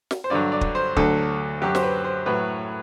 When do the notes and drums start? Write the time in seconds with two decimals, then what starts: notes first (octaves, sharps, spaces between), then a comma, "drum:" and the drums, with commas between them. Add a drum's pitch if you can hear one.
0.11 drum: snare
0.24 C5
0.30 G2 D3 F#3 D5
0.52 D5
0.61 drum: kick
0.75 C5
0.96 D2 D3 F#3 A4, drum: kick
1.61 F#2 F#3 G4
1.75 C5, drum: snare
1.83 B4
2.05 C5
2.26 A2 F#3 B4